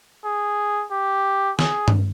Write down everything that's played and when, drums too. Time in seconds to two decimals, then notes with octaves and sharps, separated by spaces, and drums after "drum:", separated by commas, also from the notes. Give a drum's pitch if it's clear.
0.24 G#4
0.91 G4
1.59 G#4, drum: snare
1.88 drum: tom G2